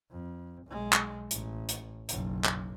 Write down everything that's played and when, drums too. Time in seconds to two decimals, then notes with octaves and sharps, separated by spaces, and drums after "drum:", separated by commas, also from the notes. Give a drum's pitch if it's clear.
0.11 F2
0.67 B1 G#3
0.93 drum: clap
1.31 A1, drum: hi-hat
1.69 drum: hi-hat
2.09 F#1 B1, drum: hi-hat
2.45 drum: clap